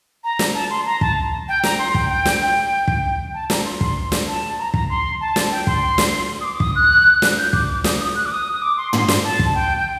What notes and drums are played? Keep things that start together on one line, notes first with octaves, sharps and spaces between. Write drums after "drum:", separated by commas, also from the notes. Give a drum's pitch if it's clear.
A#5
drum: snare
A5
C6
A#5
A5, drum: kick
G5
A#5, drum: snare
C6
G5, drum: kick
G5
drum: snare
G5
drum: kick
A5
A#5, drum: snare
C6
drum: kick
drum: snare
A5
A#5
A#5, drum: kick
C6
A5
drum: snare
G5
C6, drum: kick
drum: snare
D#6
D6
D#6, drum: kick
F#6
drum: snare
G6
D6, drum: kick
D6
D#6, drum: snare
D#6
F#6
D6
D#6
D#6
D6
C6
C6, drum: tom
C6, drum: snare
A5
drum: kick
G5
G5